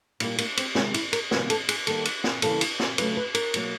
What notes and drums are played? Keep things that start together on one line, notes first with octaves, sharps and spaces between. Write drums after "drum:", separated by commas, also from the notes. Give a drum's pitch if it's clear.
A#2 G3 A#3 E4, drum: cymbal
A#3, drum: cymbal
C4, drum: cymbal
C3 D#3 G#3 C#4, drum: snare
E4, drum: cymbal
A#4, drum: cymbal
C3 D#3 G3 A#3 B4, drum: snare
A4, drum: cymbal
G#4, drum: cymbal
D#3 G3 A#3 A4, drum: cymbal
drum: cymbal
drum: snare
C#3 E3 G3 A#3 A4, drum: cymbal
drum: cymbal
drum: snare
C#3 F#3 A3 B4, drum: cymbal
B4
A#4, drum: cymbal
B2 F#3 A#3, drum: cymbal